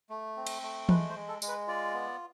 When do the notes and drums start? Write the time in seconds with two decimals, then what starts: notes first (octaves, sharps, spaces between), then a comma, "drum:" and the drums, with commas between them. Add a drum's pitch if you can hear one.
0.10 A3
0.37 C4
0.47 drum: cymbal
0.62 A3
0.89 G#3 B4, drum: tom E3
1.09 C5
1.15 G#3
1.28 A4
1.42 G#3, drum: tambourine
1.48 B4
1.68 F4 D5
1.94 B3